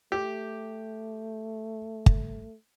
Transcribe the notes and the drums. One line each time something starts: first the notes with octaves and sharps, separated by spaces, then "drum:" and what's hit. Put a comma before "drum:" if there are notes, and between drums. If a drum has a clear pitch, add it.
A3 G4
drum: kick